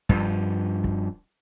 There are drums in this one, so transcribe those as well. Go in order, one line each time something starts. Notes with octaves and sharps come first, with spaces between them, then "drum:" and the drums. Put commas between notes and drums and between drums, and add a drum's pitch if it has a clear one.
G2 F3, drum: kick
drum: kick